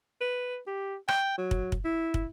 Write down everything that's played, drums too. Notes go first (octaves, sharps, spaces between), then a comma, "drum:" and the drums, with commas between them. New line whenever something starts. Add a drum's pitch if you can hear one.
B4
G4
G5, drum: rim click
F#3
drum: kick
drum: kick
E4
drum: kick